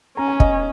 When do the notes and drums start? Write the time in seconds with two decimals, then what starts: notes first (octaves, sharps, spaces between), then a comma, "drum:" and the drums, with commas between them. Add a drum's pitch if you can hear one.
0.17 C#4 A#5
0.28 G#5
0.40 D#5, drum: kick